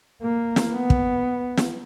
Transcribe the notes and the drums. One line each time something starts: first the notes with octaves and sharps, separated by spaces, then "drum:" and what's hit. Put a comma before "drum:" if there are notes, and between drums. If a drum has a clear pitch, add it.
A#3
drum: snare
B3
drum: kick
drum: snare